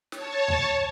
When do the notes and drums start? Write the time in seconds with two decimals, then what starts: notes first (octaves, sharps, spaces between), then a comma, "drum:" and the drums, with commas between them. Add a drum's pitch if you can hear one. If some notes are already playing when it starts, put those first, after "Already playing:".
0.12 C#5 A5, drum: snare
0.48 drum: tom D2